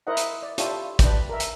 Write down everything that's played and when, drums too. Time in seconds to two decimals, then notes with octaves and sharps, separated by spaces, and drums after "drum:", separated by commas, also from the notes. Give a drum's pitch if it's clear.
0.07 E4 A#4 C5 D#5 F#5
0.17 drum: hi-hat
0.42 D5
0.58 D4 E4 F4 G4 A4 C#5, drum: hi-hat
0.99 D4 B4 G5, drum: kick, hi-hat
1.29 A#4 E5
1.40 drum: hi-hat